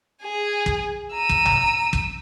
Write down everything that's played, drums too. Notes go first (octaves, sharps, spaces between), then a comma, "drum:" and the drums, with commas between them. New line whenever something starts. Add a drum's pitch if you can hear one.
G#4 G#5
drum: kick
A#5 E6 D#7
drum: kick
drum: tom A#1
drum: kick